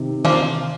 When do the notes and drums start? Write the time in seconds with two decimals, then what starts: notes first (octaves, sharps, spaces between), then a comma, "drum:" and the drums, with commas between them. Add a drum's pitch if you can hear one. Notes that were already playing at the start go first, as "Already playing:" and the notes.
Already playing: C3 D#3
0.25 F3 A#3 D4 F4, drum: tom D#3